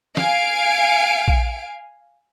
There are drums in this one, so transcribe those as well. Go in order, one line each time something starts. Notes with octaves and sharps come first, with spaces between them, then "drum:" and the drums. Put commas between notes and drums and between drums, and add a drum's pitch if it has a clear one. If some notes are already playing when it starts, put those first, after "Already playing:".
F5 G#5 D7, drum: snare
drum: kick A#1